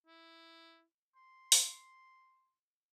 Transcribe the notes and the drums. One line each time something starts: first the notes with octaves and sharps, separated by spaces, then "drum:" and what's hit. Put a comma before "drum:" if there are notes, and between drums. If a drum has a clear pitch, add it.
E4
C6
drum: open hi-hat